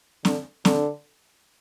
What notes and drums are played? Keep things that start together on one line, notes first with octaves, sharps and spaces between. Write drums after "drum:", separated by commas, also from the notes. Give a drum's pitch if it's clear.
D3, drum: snare
D3, drum: snare